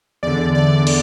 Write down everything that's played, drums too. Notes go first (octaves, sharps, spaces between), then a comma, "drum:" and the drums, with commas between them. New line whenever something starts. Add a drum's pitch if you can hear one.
E2 D3 D5
D5
D5, drum: cymbal